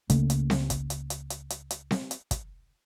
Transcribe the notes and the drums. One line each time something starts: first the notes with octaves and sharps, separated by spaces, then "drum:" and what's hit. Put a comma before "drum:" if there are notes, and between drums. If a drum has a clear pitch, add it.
C#2 C#3 A3 A#3, drum: kick, hi-hat
drum: hi-hat
drum: snare C4
drum: kick, hi-hat
drum: hi-hat
drum: hi-hat
drum: hi-hat
drum: hi-hat
drum: hi-hat
drum: snare C4
drum: hi-hat
drum: kick, hi-hat